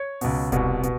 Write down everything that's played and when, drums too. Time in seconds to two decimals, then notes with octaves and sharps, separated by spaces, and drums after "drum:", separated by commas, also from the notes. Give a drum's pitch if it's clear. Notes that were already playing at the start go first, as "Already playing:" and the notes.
Already playing: C#5
0.21 C#2 B2, drum: open hi-hat
0.52 C2 B2, drum: kick E1, hi-hat
0.83 B2, drum: hi-hat